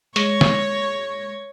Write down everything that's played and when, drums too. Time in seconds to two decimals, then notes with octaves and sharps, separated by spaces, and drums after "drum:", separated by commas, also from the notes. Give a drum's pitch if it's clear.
0.16 G#3 C#5 C#6 A#6, drum: hi-hat
0.41 drum: snare